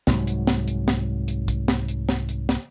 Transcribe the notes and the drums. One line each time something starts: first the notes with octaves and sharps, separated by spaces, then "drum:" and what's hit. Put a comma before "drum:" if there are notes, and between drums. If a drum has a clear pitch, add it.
C2 G#2 F#3, drum: snare
drum: hi-hat
drum: snare
drum: hi-hat
drum: snare
drum: hi-hat
drum: kick, hi-hat
drum: snare
drum: hi-hat
drum: snare
drum: hi-hat
drum: snare